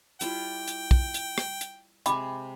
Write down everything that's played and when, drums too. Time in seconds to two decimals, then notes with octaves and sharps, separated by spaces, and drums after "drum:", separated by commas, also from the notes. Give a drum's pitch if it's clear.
0.21 G3 E4 F4 G5, drum: hi-hat
0.68 drum: hi-hat
0.91 drum: kick
1.14 drum: hi-hat
1.38 drum: rim click
1.61 drum: hi-hat
2.06 C3 G#3 G5 B5 D6, drum: hi-hat